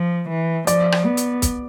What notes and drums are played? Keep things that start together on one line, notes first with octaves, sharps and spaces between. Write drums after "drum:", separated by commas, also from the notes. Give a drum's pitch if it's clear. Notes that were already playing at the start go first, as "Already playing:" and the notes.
Already playing: F3
E3
F3 D5, drum: hi-hat
drum: rim click
B3
drum: hi-hat
drum: kick, hi-hat